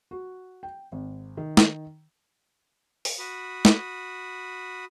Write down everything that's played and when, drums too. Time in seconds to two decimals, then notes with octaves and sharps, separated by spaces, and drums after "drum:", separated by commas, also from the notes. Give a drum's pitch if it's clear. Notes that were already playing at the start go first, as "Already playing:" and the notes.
0.11 F#4
0.63 G5
0.92 G#1
1.37 D#3
1.57 drum: snare
3.05 drum: open hi-hat
3.19 F#4 B5 D#6
3.65 drum: snare